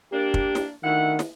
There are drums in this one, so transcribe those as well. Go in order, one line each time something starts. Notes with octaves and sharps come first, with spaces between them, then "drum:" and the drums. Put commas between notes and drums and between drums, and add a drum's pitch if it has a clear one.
A#3 D4 G4
drum: kick
drum: snare
D2 D#3 E4 F#5
drum: snare